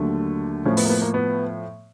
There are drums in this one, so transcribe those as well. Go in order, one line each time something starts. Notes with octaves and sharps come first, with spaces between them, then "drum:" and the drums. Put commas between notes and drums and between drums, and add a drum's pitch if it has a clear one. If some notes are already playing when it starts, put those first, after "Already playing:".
Already playing: D#2 D3 F#3 A3
A2 F3 A3 C#4
B3, drum: open hi-hat
A#3
B3
A#3
B3